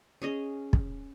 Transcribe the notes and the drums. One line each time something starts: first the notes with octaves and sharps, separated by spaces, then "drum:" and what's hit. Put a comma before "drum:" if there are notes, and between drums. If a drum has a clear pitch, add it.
C#4 G#4 D#5
drum: kick